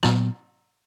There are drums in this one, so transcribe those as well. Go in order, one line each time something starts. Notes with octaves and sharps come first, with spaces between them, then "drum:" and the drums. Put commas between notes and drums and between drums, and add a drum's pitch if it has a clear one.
A#2 F#3 B3, drum: rim click